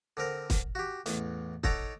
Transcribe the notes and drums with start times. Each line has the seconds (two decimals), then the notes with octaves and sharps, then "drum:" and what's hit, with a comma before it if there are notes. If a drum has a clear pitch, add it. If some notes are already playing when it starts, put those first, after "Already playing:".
0.17 D3 C4 A#4
0.50 drum: kick, hi-hat
0.75 F#4 G4
1.06 A1 E2, drum: hi-hat
1.63 D#4 A4 C#5 F#5 A#5 D6, drum: kick